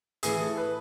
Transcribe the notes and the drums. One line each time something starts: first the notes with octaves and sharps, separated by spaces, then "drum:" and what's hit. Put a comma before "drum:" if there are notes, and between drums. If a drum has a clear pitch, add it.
A2 E3 G#4, drum: hi-hat
A4
B4